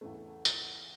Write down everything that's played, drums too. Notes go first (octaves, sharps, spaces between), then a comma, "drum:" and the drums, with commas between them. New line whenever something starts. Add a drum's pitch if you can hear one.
E2 C#3 E3 A3
drum: tambourine